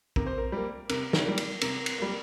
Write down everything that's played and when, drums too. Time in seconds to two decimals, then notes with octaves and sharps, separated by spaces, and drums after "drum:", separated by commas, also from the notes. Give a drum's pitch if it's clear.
0.16 C3 A#4, drum: kick A#1
0.27 C5
0.38 A#4
0.52 G3 A#3
0.89 C3 A#4, drum: cymbal
1.13 drum: snare
1.25 G3 A#3
1.38 drum: cymbal
1.61 C3 A#4, drum: cymbal
1.86 drum: cymbal
1.98 G3 A#3